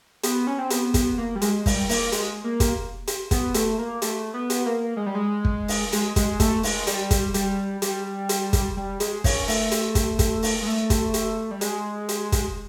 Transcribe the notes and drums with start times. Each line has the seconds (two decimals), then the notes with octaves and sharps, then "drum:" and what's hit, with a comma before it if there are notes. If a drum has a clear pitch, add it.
0.23 B3, drum: hi-hat
0.47 C#4
0.58 C4
0.70 B3, drum: hi-hat
0.94 drum: kick, hi-hat
1.18 A#3
1.36 G3
1.42 G#3, drum: hi-hat
1.66 G3, drum: kick, open hi-hat
1.89 A#3, drum: open hi-hat
2.12 G#3, drum: hi-hat
2.44 A#3
2.60 drum: kick, hi-hat
3.07 drum: hi-hat
3.31 B3, drum: kick, hi-hat
3.54 A3, drum: hi-hat
3.79 A#3
4.02 A3, drum: hi-hat
4.34 B3
4.50 drum: hi-hat
4.66 A#3
4.97 G#3
5.06 G3
5.15 G#3
5.45 drum: kick
5.68 drum: open hi-hat
5.92 G#3, drum: hi-hat
6.16 G#3, drum: kick, hi-hat
6.40 A3, drum: kick, hi-hat
6.63 G#3, drum: open hi-hat
6.87 G3, drum: hi-hat
7.11 drum: kick, hi-hat
7.34 G3, drum: hi-hat
7.82 G3, drum: hi-hat
8.29 drum: hi-hat
8.53 drum: kick, hi-hat
8.77 G3
9.00 G#3, drum: hi-hat
9.24 C#4, drum: kick, open hi-hat
9.48 A3, drum: open hi-hat
9.71 drum: hi-hat
9.95 drum: kick, hi-hat
10.19 drum: kick, hi-hat
10.43 drum: open hi-hat
10.62 G#3
10.67 A3
10.90 drum: kick, hi-hat
11.14 drum: hi-hat
11.51 G3
11.61 G#3, drum: hi-hat
12.09 drum: hi-hat
12.32 drum: kick, hi-hat